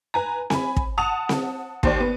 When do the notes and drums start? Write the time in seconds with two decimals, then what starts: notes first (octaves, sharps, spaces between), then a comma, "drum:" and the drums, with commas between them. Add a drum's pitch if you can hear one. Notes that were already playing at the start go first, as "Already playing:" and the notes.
0.14 B4 G#5 A#5
0.50 G#5 B5, drum: snare C4
0.76 drum: kick
0.97 F#5 A5 D#6 F7
1.29 drum: snare C4
1.83 D#2 C5 D5, drum: kick
2.00 B3